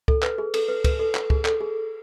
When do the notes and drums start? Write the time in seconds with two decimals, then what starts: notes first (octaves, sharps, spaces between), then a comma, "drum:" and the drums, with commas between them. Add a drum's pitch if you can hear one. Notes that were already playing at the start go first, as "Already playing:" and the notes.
0.08 A4, drum: kick
0.23 B4, drum: clap
0.38 G#4
0.54 A4, drum: cymbal
0.68 B4
0.84 B4, drum: kick, cymbal
0.99 A4
1.15 drum: clap
1.30 G#4, drum: kick
1.45 A4, drum: clap
1.61 G#4